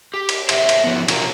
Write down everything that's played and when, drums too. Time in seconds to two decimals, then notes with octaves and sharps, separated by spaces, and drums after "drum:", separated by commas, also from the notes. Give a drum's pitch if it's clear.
0.14 G4
0.29 drum: cymbal
0.49 C5 C#5 E5, drum: cymbal
0.69 drum: cymbal
0.84 F3 B3
1.08 B2 D4 F4 F#4 A#4, drum: cymbal